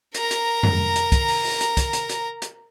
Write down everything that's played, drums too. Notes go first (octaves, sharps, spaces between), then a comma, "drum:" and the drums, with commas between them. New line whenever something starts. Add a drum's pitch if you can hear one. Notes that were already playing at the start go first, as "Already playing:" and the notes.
A#4 A#5, drum: hi-hat
drum: hi-hat
drum: tom F2
drum: hi-hat
drum: kick, hi-hat
drum: open hi-hat
drum: open hi-hat
drum: hi-hat
drum: kick, hi-hat
drum: hi-hat
drum: hi-hat
drum: hi-hat